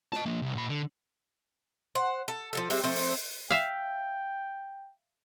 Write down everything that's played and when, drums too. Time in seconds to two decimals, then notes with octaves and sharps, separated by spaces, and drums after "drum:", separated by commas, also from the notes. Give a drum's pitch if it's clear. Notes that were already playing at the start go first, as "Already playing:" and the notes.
0.12 D#5 A5, drum: snare
0.26 F3 A#3
0.42 C2
0.55 A#2 B5
0.69 D3
1.95 C5 F#5
2.28 A4
2.53 F3 F#3 A4
2.70 G3 G#3 C4 E5, drum: open hi-hat
2.84 F3 A3 C4
2.95 drum: open hi-hat
3.50 E5 F5 G5